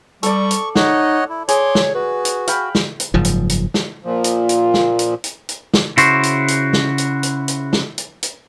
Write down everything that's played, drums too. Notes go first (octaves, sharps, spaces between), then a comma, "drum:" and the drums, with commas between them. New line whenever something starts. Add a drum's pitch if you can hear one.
G3 A4 D5 C#6, drum: hi-hat
drum: hi-hat
D#4 C#5 D#5 F#5, drum: snare
E4
G#4 C#5 C6 D6, drum: hi-hat
drum: snare
F#4 B4
drum: hi-hat
F5 G5 B5, drum: hi-hat
drum: snare
drum: hi-hat
F#1 G#2 F3
drum: hi-hat
drum: hi-hat
drum: snare
A#2 F3
drum: hi-hat
drum: hi-hat
drum: snare
drum: hi-hat
drum: hi-hat
drum: hi-hat
drum: snare
C#3 E4 F#4 C5, drum: hi-hat
drum: hi-hat
drum: hi-hat
drum: snare
drum: hi-hat
drum: hi-hat
drum: hi-hat
drum: snare
drum: hi-hat
drum: hi-hat